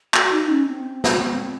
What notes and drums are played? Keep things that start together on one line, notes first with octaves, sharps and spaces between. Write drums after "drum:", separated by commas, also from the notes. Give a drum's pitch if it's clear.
F#4, drum: clap
D#4
C#4
C4
drum: snare